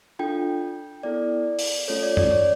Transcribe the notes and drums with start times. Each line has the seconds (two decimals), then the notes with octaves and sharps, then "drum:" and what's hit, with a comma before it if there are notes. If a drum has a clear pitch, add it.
0.19 D4 F4 A4 G5
1.03 B3 E4 A4 D5
1.59 drum: open hi-hat
1.88 A3 C#4 F4 A4 C#5
2.03 D5
2.17 D5, drum: tom F#2
2.31 C#5